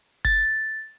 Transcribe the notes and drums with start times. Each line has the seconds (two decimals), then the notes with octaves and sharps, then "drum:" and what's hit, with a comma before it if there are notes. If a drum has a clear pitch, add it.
0.25 A6, drum: kick F#1